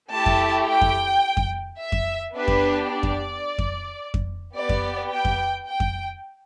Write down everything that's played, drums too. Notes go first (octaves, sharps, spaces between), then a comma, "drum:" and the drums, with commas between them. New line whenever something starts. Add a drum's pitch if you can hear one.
A3 E4 G4 A5
drum: kick F2
G5
drum: kick F2
drum: kick F2
E5
drum: kick F2
B3 D4 G4 B4
drum: kick F2
D5
drum: kick F2
drum: kick F2
drum: kick F2
B3 G4 D5
drum: kick F2
G5
drum: kick F2
G5
drum: kick F2